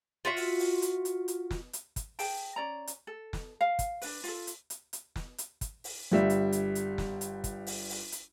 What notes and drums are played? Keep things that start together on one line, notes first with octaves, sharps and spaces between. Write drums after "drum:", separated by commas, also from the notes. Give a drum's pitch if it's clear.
F4 F#4 E5
drum: open hi-hat
drum: open hi-hat
drum: hi-hat
drum: hi-hat
drum: hi-hat
drum: snare
drum: hi-hat
drum: kick, hi-hat
G#4 G5 A5, drum: open hi-hat
C#4 D5 A#5
drum: hi-hat
A4
drum: snare
F5
drum: kick, hi-hat
D4 B4, drum: open hi-hat
F4 A4, drum: open hi-hat
drum: hi-hat
drum: hi-hat
drum: hi-hat
drum: snare
drum: hi-hat
drum: kick, hi-hat
drum: open hi-hat
G1 G3 E5
drum: hi-hat
drum: hi-hat
drum: hi-hat
drum: snare
drum: hi-hat
drum: kick, hi-hat
drum: open hi-hat
drum: open hi-hat
drum: hi-hat